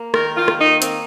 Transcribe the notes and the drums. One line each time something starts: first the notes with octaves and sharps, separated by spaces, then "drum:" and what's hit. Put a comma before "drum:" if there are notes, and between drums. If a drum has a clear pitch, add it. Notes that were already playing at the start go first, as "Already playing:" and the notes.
Already playing: A#3
D#3 A#4, drum: rim click
F4
A#3, drum: rim click
D#4
A#3 C4, drum: hi-hat